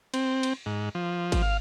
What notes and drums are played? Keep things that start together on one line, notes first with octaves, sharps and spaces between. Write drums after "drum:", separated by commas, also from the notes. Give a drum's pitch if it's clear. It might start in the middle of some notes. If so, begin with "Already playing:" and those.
C4, drum: cymbal
drum: cymbal
G#2
F3
drum: kick G#1, cymbal
F5